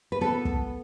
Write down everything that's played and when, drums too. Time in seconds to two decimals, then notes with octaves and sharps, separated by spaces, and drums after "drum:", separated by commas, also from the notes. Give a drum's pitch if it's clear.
0.12 B4
0.21 B3 A4
0.45 drum: kick